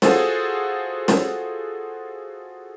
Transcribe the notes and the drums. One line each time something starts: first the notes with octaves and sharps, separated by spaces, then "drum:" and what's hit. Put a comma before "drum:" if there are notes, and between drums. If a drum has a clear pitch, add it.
F4 F#4 G#4 A4 C5, drum: snare
drum: snare